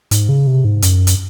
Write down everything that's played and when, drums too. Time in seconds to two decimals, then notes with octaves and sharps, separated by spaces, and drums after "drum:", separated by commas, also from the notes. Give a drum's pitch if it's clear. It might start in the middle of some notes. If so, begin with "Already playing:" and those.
0.11 G#2, drum: hi-hat
0.29 C#3
0.47 C3
0.65 G#2
0.82 F#2, drum: hi-hat
1.07 drum: hi-hat